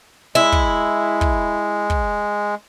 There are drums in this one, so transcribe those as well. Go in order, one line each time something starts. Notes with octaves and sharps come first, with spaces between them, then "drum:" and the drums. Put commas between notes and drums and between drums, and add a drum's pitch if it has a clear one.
G#3 E4
drum: kick
drum: kick
drum: kick